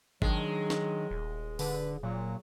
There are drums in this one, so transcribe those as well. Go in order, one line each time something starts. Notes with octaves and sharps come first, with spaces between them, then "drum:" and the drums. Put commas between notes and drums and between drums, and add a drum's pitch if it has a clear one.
D#3 F#3 G#3 D4, drum: kick G1
drum: snare
D#1
D3 B4, drum: open hi-hat
A#2 F#3